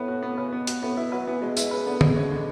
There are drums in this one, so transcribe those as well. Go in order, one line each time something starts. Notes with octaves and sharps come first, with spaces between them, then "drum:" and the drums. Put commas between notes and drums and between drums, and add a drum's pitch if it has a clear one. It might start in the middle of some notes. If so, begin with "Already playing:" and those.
Already playing: A2 B3 B4
F#4
B3
C#3 B4
B2 B3
F#4, drum: hi-hat
A2 B3
B2 E4
F#3 B4
E3 B3
B2 G#3
B2 E4, drum: tambourine
C#3 B4
D3 B3
B2 G#3, drum: tom D3
B2 C#4
D3